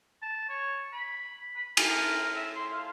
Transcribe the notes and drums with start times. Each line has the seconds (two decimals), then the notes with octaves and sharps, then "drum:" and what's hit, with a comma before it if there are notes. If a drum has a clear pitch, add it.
0.22 A5
0.49 C#5
0.93 B5
1.56 B5
1.77 A#4, drum: cymbal
2.35 E5
2.55 C6
2.73 F5